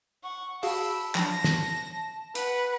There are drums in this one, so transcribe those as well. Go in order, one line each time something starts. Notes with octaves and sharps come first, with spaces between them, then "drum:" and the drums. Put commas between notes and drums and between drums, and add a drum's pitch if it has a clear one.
F#5 C#6
F#4 G#4 F5 A5 B5 E6, drum: open hi-hat
F3 F#3 D4 A#6, drum: clap
drum: snare
B4 F#5, drum: hi-hat